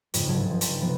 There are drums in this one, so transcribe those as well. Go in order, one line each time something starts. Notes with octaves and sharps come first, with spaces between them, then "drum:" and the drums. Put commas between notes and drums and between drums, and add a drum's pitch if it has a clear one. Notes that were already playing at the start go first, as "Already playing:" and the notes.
F2 G#2 C#3, drum: hi-hat
G1 C#2 G#2 F#3 A5 G#6
C#3 F3
G5 A5 A#5 C6, drum: hi-hat
C3 F3 G3 A3 B3